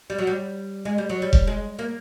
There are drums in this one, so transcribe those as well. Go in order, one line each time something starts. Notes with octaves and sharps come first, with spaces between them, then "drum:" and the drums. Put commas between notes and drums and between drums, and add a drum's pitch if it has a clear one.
G3
F#3
G3
G#3
G3
F#3
G3
drum: kick F1
G#3
A#3